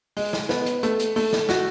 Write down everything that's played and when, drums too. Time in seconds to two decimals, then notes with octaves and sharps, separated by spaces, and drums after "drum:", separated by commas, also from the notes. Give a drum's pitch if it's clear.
0.17 G#3, drum: open hi-hat
0.33 drum: snare
0.49 B3, drum: snare
0.66 drum: hi-hat
0.83 A3, drum: hi-hat
1.00 drum: hi-hat
1.16 A3, drum: open hi-hat
1.33 drum: snare
1.49 F#4, drum: snare